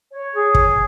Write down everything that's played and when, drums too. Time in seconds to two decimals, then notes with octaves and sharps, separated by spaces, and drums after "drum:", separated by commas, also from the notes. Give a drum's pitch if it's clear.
0.12 C#5
0.33 G#4
0.55 drum: kick